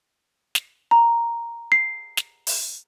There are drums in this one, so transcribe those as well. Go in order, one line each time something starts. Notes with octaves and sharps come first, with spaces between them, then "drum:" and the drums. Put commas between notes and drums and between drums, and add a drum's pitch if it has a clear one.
drum: snare
A#5
C7
drum: snare
drum: open hi-hat